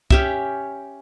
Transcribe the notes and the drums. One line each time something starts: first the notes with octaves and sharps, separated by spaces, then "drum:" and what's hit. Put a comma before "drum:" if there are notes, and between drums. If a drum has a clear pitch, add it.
C#4 G4 E5, drum: kick